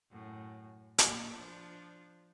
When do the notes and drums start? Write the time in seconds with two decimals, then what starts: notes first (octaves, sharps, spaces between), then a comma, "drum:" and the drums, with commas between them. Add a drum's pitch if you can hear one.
0.11 F#2 A2
0.98 A#2 A#3, drum: hi-hat
1.34 F3 D4